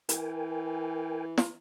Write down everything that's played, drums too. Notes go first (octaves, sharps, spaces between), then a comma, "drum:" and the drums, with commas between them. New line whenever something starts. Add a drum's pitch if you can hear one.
E3 A#4 G5 G#5, drum: hi-hat
drum: snare